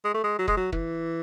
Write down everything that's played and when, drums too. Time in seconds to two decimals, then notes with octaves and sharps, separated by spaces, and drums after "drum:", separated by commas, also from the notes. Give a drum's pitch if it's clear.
0.05 G#3
0.14 A3
0.24 G#3
0.39 F#3
0.48 G#3, drum: kick
0.57 F#3
0.72 E3, drum: kick